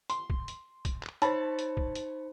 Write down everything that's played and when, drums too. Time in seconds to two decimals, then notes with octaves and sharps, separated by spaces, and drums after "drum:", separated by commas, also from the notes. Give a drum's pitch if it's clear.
0.10 C6, drum: hi-hat
0.30 drum: kick
0.48 drum: hi-hat
0.85 drum: kick, hi-hat
1.03 drum: clap
1.22 D#4 C5 C#5 A5 B5, drum: hi-hat
1.59 drum: hi-hat
1.77 drum: kick
1.95 drum: hi-hat